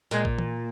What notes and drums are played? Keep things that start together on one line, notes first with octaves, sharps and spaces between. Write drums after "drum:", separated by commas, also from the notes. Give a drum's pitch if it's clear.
A#2 G#3, drum: tambourine
drum: kick
drum: tom E3